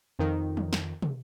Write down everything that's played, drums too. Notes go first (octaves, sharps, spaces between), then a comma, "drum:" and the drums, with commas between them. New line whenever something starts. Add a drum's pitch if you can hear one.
F2 D#3
drum: tom E3
drum: snare
drum: tom